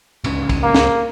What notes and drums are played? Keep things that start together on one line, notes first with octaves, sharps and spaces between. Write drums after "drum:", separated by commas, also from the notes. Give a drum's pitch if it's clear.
D1 C#2 C#4, drum: cymbal
drum: kick, cymbal
A#3
drum: snare